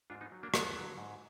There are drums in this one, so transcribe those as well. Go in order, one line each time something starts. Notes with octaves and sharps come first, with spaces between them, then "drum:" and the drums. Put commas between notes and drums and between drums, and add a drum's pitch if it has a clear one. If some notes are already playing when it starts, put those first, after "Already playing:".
G#2 D4 F4
B3 D#4
F#3
A#3 D4
D#2 G#3 B3, drum: rim click
D3 F#3
G#2